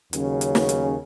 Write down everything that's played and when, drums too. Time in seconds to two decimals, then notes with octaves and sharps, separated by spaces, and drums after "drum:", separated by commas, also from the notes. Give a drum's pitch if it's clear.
0.13 D#2 C#3 F#3 C#4, drum: hi-hat
0.41 drum: hi-hat
0.55 drum: snare
0.69 drum: hi-hat